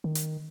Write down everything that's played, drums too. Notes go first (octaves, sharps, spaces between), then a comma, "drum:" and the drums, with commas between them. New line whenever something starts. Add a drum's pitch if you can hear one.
D#3
drum: hi-hat